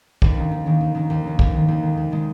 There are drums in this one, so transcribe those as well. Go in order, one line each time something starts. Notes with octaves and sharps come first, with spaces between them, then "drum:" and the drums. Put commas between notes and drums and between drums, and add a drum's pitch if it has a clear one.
D#2, drum: kick
D#3 A#3 C#4
D#2
D#3 A#3 C#4
D#2
D#3 A#3 C#4
D#2
D#3 A#3 C#4
D#2, drum: kick
D#3 G#3
D#2
D#3 G#3
D#2
D#3 G#3